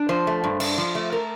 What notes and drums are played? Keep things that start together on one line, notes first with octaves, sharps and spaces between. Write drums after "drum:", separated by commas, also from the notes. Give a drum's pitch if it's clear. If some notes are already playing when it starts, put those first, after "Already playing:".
Already playing: D4
F3 C5
A3
G2
D4, drum: cymbal
F3
A3
A#4